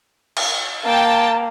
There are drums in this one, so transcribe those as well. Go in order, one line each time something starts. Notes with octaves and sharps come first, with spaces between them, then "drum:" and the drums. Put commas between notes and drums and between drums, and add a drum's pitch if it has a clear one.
drum: cymbal
A#3 G5 A5